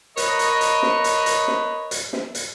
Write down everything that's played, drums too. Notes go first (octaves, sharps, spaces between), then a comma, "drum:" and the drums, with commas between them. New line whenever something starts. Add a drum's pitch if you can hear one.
A#4 B4 C#5 D#5, drum: hi-hat
drum: hi-hat
drum: hi-hat
drum: snare
drum: hi-hat
drum: hi-hat
drum: snare
drum: hi-hat
drum: snare
drum: hi-hat